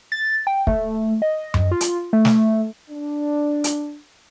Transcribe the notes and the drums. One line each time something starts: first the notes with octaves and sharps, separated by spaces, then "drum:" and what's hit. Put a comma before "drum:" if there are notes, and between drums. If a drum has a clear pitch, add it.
A6
G5
A3, drum: kick
D#5
drum: tom F#2
F4
drum: hi-hat
A3
drum: snare
D4
drum: hi-hat